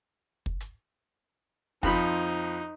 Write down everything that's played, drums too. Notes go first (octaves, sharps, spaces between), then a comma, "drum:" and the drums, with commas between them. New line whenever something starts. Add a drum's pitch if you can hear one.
drum: kick
drum: hi-hat
F2 F3 D#4 B5, drum: kick